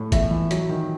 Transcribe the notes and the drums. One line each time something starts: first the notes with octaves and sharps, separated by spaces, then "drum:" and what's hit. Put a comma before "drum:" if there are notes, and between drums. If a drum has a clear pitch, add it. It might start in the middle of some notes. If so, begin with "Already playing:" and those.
Already playing: A2
E2 E5, drum: kick, hi-hat
E3
F#3, drum: hi-hat
D#3